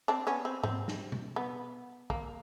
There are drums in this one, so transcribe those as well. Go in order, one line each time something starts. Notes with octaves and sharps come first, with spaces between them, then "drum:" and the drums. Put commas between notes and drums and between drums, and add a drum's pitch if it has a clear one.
C4 D4
B3 C#4
C4
C4, drum: tom G#2
drum: snare
drum: tom B2
B3
A#3, drum: kick